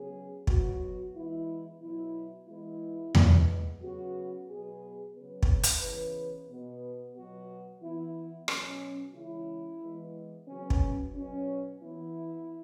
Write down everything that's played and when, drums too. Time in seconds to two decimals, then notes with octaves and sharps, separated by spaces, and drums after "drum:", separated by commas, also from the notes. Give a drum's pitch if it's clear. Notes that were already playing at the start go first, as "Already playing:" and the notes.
Already playing: C#3 F#3 B3 G#4
0.47 B2 F#3 B3 F#4, drum: kick
1.14 E3 G#3 B3 E4
1.81 B2 F#3 B3 E4
2.48 E3 G#3 B3 E4
3.15 E3 G#3 B3, drum: tom E2
3.81 C#3 F#3 B3 F#4
4.48 B2 F#3 B3 G#4
5.14 C#3 F#3 B3 B4
5.43 drum: kick
5.63 drum: hi-hat
5.81 C#3 E3 B3 B4
6.48 B2 B3
7.14 B2 F#3 B3 F#4
7.81 E3 B3 E4
8.48 B2 F#3 B3 C#4, drum: rim click
9.14 C#3 E3 G#3 E4
9.81 E3 G#3 B3
10.48 C#3 F#3 B3 C#4
10.70 drum: kick
11.14 B2 F#3 B3 C#4
11.82 E3 B3 E4